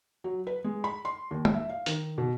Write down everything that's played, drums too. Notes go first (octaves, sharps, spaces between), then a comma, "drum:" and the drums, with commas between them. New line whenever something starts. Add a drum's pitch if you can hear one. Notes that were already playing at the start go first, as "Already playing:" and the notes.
F#3
B4
G#3
B5
C6
D#2
drum: tom
E5
F5
D#3, drum: hi-hat
B2